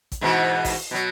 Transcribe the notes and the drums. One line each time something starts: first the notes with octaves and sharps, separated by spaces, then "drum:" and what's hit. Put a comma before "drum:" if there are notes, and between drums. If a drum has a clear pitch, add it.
drum: kick A1, hi-hat
G#2 B2 E3
drum: kick A1, open hi-hat
B2 F#3